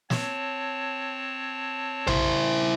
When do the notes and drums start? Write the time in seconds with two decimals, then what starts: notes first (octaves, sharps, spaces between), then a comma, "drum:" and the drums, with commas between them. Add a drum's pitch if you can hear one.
0.10 C4 C#5 A5, drum: snare
2.07 E4 C5, drum: tom A#1